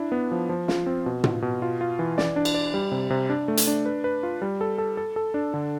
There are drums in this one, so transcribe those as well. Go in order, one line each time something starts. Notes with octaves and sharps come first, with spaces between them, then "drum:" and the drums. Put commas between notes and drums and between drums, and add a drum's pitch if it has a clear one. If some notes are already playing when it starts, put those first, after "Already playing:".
Already playing: D4 E4
B3
F3
F3
F4, drum: snare
C4
B2
F4, drum: tom
B2
F4
F4
E3
D5, drum: snare
D4
drum: cymbal
D5
G3
C3
C3
D4
A3
drum: hi-hat
D4
B4
B4
F4
G3
A4
A4
A4
A4
D4
D3